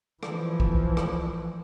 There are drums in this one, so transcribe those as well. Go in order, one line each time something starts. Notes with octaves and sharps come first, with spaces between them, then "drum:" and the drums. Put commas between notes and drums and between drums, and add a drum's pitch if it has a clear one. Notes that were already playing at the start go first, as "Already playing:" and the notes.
E3 F3, drum: rim click
drum: kick
drum: rim click